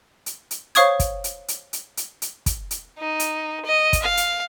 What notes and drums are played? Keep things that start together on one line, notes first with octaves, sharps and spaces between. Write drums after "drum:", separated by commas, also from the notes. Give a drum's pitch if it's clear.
drum: hi-hat
drum: hi-hat
C5 C#5 F5 C#6 D#6 G#6, drum: hi-hat
drum: kick, hi-hat
drum: hi-hat
drum: hi-hat
drum: hi-hat
drum: hi-hat
drum: hi-hat
drum: kick, hi-hat
drum: hi-hat
D#4
drum: hi-hat
D#5
drum: kick, hi-hat
F5
drum: hi-hat